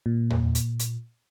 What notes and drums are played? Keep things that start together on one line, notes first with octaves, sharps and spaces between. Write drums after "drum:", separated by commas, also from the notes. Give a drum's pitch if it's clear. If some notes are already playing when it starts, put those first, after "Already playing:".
A#2
drum: tom E2
drum: hi-hat
drum: hi-hat